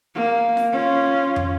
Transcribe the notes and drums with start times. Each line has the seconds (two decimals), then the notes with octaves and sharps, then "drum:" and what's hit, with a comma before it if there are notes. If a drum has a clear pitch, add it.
0.15 A#3
0.57 drum: snare F4
0.72 C#4 F4
1.36 drum: tom